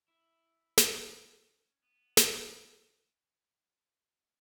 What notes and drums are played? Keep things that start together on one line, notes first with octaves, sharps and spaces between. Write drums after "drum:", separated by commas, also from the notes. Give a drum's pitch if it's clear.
E4
C#4, drum: snare
B3
E4, drum: snare